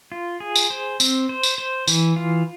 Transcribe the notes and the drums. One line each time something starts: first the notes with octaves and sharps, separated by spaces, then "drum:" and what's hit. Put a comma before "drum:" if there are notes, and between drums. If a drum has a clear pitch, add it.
F4
G#4
drum: tambourine
C5
C4, drum: tambourine
C5
drum: tambourine
C5
E3, drum: tambourine
F4